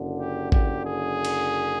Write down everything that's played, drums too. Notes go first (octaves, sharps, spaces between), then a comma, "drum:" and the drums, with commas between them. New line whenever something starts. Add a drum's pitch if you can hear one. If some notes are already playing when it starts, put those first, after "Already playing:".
Already playing: F#1 F#2 D3
G4
G4, drum: kick A1
G#4
drum: cymbal